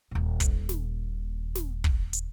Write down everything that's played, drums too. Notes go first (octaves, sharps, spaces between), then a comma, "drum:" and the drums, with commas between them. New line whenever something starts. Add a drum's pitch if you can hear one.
D#1 A#2
drum: kick, hi-hat
drum: snare
drum: snare
drum: kick
drum: hi-hat